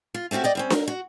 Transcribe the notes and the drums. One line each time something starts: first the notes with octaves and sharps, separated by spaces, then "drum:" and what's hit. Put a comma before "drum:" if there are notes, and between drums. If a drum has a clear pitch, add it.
F4
A3 C4 C#4 F#4 G4
D5 D#5 G5
G3 C4 C#4
A#4, drum: snare D4
F#4